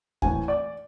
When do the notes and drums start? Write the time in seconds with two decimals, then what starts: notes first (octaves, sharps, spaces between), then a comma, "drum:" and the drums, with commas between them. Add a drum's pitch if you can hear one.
0.22 A2 E3 G#5, drum: kick D#2
0.48 D5